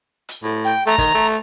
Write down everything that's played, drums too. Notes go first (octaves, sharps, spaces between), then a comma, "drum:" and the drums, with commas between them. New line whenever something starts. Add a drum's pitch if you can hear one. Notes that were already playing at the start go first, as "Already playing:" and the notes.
drum: hi-hat
A2
G5
A3 A#5
D#3, drum: kick, hi-hat
A3